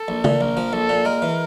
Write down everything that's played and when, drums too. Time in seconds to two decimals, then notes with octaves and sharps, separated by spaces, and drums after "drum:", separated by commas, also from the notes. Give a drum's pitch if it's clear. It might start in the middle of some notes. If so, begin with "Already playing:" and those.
Already playing: A4
0.08 A#1
0.24 A#2, drum: tom
0.41 A#1 A#4
0.57 F3
0.73 A#1 A4
0.89 A#2
1.05 G#3 A#4
1.22 E3